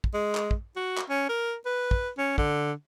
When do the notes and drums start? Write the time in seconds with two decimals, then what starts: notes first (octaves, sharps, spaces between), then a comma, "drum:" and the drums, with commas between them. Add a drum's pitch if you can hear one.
0.04 drum: kick
0.14 G#3
0.35 drum: clap
0.51 drum: kick
0.76 F#4
0.98 drum: clap
1.09 C#4
1.29 A#4
1.66 B4
1.91 drum: kick
2.18 C#4
2.38 D3, drum: kick